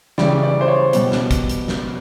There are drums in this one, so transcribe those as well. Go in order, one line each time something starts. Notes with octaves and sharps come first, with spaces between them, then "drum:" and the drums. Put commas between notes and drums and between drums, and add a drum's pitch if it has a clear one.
C#3 E3 G3 D5, drum: snare
D5
C5
C#5
B2 G3, drum: hi-hat
drum: snare
drum: kick, hi-hat
drum: hi-hat
drum: snare